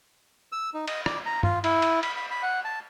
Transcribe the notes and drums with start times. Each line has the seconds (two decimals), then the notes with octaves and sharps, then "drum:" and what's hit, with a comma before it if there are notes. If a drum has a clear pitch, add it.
0.52 E6
0.74 D#4
0.88 D#5, drum: cymbal
1.06 D5, drum: rim click
1.26 A#5
1.43 F4, drum: tom G2
1.64 E4, drum: cymbal
1.82 drum: cymbal
2.03 B5, drum: cymbal
2.16 B5
2.31 B5
2.43 F#5
2.65 A5